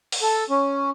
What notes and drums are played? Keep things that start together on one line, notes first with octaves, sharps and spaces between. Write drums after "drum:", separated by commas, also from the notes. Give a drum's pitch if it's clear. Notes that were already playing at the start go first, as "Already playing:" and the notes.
drum: open hi-hat
A4
C#4